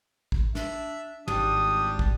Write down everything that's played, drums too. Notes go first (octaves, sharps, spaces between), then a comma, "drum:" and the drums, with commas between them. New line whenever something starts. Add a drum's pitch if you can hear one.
drum: kick
D4 E5, drum: snare
G#1 G3 D4 G4 D#6, drum: tom
drum: kick